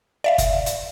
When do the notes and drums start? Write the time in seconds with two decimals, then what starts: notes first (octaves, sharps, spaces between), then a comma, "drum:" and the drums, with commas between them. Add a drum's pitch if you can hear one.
0.24 D5 E5 F5
0.38 drum: kick, hi-hat
0.66 drum: hi-hat